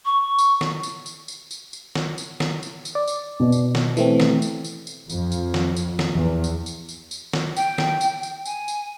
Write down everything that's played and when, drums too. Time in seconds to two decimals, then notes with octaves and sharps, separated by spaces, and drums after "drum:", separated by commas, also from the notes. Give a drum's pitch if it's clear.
0.05 C#6
0.39 drum: tambourine
0.61 drum: snare
0.83 drum: tambourine
1.06 drum: tambourine
1.28 drum: tambourine
1.51 drum: tambourine
1.73 drum: tambourine
1.95 drum: snare
2.18 drum: tambourine
2.40 drum: snare
2.63 drum: tambourine
2.85 drum: tambourine
2.95 D5
3.08 drum: tambourine
3.40 B2
3.52 drum: tambourine
3.75 drum: snare
3.97 E3 A3 C4, drum: tambourine
4.20 drum: snare
4.42 drum: tambourine
4.64 drum: tambourine
4.87 drum: tambourine
5.10 F2, drum: tambourine
5.32 drum: tambourine
5.54 drum: snare
5.77 drum: tambourine
5.99 drum: snare
6.14 E2
6.44 drum: tambourine
6.66 drum: tambourine
6.89 drum: tambourine
7.11 drum: tambourine
7.33 drum: snare
7.57 G5, drum: tambourine
7.78 drum: snare
8.01 drum: tambourine
8.23 drum: tambourine
8.46 G#5, drum: tambourine
8.68 drum: tambourine